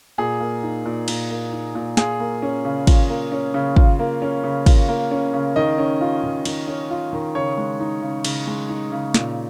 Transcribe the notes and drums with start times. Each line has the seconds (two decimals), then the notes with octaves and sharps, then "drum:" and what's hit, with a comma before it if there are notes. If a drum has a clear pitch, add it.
0.18 A#2 G#4
0.40 A#3
0.63 D#4
0.85 A#2
1.08 A#2, drum: cymbal
1.31 A#3
1.52 D#4
1.75 A#2
1.97 F4 G#4, drum: snare
2.20 A#3
2.42 C#4
2.65 C#3
2.87 F4, drum: kick, cymbal
3.09 A#3
3.32 C#4
3.54 C#3
3.76 F4, drum: kick
3.99 A#3
4.22 C#4
4.44 C#3
4.66 F4, drum: kick, cymbal
4.88 A#3
5.11 C#4
5.34 C#3
5.56 D#3 D#5
5.78 C#4
6.01 F4
6.23 D#3
6.45 D#3, drum: cymbal
6.68 C#4
6.90 F4
7.13 D#3
7.35 C#3 C#5
7.58 G#3
7.80 D#4
8.02 C#3
8.25 C#3, drum: cymbal
8.47 G#3
8.69 D#4
8.92 C#3
9.14 A#2, drum: snare